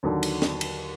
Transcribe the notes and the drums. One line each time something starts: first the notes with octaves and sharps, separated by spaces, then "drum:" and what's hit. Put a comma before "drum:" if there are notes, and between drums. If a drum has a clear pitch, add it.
D#2 D3 F#3
drum: cymbal
drum: snare
drum: cymbal